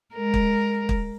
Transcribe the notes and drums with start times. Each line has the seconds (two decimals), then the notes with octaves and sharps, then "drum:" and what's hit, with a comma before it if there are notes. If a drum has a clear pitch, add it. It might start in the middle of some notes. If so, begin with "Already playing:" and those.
0.15 G#3 A#4
0.34 drum: kick
0.89 drum: kick